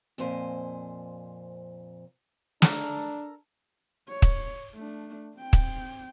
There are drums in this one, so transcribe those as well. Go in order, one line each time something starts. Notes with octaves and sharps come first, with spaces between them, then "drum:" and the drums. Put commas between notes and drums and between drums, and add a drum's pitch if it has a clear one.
F2 A#2 C5 G#5
D4 A4 A#4, drum: snare
C#5
drum: kick
A3 D4
C4 G5
drum: kick